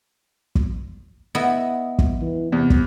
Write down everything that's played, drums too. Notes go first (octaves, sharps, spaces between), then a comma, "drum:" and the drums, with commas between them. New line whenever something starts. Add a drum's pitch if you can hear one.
drum: kick
B3 E4 D#5
drum: kick
E3
E2 C3
drum: kick